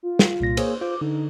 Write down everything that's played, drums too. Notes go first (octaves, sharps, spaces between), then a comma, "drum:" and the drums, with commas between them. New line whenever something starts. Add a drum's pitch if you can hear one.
F4
drum: snare
C2 A#2 A#6
A#3 G#4 C5 C#5, drum: cymbal
F4 C5 D6
D3 D#4